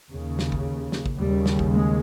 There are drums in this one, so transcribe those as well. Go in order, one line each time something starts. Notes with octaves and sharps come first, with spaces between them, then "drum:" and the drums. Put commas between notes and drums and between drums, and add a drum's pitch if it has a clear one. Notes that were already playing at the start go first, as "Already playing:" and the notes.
D#2 C#3
drum: snare
drum: kick
drum: snare
drum: kick
D#2 C#3 G3
drum: snare
drum: kick
G#3